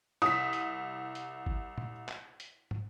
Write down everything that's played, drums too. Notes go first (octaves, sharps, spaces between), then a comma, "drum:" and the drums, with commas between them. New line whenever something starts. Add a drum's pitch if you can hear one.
C2 D#6 B6
drum: hi-hat
drum: hi-hat
drum: kick G#1
drum: tom
drum: clap
drum: hi-hat
drum: tom